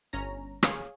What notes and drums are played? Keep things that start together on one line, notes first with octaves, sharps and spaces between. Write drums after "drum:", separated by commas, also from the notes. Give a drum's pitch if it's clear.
G1 C#4 A#5
G#4 C#5 F5, drum: rim click